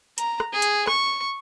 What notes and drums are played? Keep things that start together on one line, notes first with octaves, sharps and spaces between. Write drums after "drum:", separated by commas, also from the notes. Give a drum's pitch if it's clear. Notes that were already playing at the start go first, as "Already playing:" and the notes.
A#5, drum: hi-hat
drum: rim click
G#4
drum: hi-hat
C#6, drum: rim click